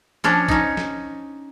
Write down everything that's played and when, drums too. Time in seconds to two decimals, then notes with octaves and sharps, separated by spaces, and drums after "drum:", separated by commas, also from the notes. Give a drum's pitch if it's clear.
0.24 F3 C#4 D4
0.48 C#4 D#4, drum: kick A#1
0.77 drum: snare